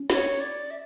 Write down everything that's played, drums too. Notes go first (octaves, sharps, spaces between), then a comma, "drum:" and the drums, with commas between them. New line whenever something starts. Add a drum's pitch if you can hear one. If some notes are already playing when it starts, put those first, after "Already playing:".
Already playing: C#4
C#5, drum: snare
D5
E5